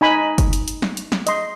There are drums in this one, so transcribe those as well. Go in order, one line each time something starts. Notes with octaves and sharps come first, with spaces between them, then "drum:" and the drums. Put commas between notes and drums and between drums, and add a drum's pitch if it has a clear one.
D#4 G#5 B5
drum: kick F#1, hi-hat
drum: hi-hat
drum: hi-hat
drum: snare
drum: hi-hat
drum: snare
D#5 C6, drum: hi-hat